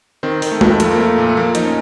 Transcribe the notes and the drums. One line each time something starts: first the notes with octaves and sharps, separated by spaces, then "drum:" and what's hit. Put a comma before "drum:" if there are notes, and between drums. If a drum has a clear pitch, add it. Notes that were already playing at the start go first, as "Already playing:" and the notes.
D#3 C4
D#3, drum: open hi-hat
A3
F2, drum: tom G#3
F3 A3, drum: hi-hat
A#3
F3 A3
A#2
A3
F3 A#3
F3 D#4, drum: hi-hat
C#4